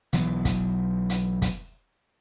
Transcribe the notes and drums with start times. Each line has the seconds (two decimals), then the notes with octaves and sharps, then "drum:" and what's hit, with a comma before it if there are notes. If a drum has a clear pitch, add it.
0.13 B1 E3 F#3 B3, drum: hi-hat
0.45 drum: kick, hi-hat
1.10 drum: hi-hat
1.42 drum: kick, hi-hat